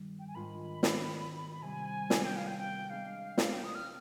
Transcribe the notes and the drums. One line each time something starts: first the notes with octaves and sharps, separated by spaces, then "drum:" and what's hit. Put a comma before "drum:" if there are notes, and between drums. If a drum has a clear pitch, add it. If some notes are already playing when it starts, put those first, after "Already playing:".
Already playing: G2 D#3 G3 B3 D#4
G5
G#5
G#2 D#3 G#3 D4 F4 B5
drum: snare
C3 G3 C4 G#5
drum: snare
G5
F5
G5
G5
G#3 B3 D4 G#4 D5 F5
drum: snare
G5
D#6
F6